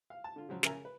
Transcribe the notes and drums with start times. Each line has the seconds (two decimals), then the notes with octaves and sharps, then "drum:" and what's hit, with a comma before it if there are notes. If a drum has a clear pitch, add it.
0.10 F5
0.24 A5
0.36 D3 F4
0.49 C#3 F3 F#3
0.63 C#3 A#4 E5 G#5 A#5, drum: snare
0.85 B4